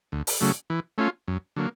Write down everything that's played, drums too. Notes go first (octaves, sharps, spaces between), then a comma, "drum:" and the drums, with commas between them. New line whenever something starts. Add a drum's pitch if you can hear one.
D2
drum: open hi-hat
C#3 F#3 A3
E3
A3 C#4 F4
F#2
D3 F#3 A#3